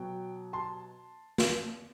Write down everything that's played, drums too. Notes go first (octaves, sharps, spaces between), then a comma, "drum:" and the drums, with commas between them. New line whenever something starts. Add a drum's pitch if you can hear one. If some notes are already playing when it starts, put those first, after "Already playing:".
Already playing: B2 F#3 G5
A5 C6
drum: snare